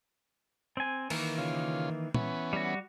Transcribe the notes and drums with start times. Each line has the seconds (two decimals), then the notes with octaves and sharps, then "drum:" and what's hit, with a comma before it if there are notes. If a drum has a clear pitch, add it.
0.77 C4 G#5
1.10 D#3 E3 A#3, drum: cymbal
1.38 C#3 F4
2.14 E3 B3 C#4, drum: tom
2.53 G3 F#4